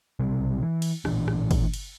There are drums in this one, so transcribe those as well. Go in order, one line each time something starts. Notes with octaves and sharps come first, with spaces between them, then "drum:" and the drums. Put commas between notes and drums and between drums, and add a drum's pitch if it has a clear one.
B1 C3 G3
E3
drum: cymbal
A1 A#2 E3 D4, drum: rim click
drum: rim click
drum: kick, cymbal
drum: cymbal